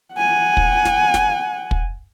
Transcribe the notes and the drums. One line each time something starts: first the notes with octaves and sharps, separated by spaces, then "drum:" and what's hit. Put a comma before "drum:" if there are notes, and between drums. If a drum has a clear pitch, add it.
F#5 G#5
drum: kick
drum: snare
drum: snare
drum: kick